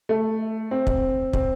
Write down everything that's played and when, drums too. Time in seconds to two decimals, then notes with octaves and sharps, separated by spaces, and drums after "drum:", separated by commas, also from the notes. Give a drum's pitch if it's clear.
0.09 A3
0.71 C4
0.87 drum: kick
1.33 C4, drum: kick